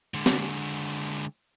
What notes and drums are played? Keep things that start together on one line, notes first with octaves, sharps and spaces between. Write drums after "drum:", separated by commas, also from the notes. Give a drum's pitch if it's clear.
D3 G#3
drum: snare